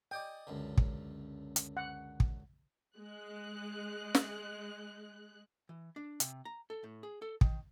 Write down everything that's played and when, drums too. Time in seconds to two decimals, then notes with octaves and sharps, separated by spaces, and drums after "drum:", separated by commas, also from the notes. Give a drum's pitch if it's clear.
0.11 D5 D#5 G5 G#5
0.47 C#2 F#2 D3
0.78 drum: kick
1.56 drum: hi-hat
1.77 F#5
2.20 drum: kick
2.97 G#3 F#6
4.15 drum: snare
5.69 E3
5.96 D4
6.20 C3, drum: hi-hat
6.45 A#5
6.70 A4
6.84 A2
7.03 G#4
7.22 A4
7.41 D#3, drum: kick